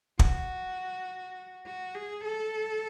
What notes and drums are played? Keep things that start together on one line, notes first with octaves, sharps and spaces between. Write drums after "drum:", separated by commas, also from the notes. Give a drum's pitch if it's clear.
F#4, drum: kick
F#4
G#4
A4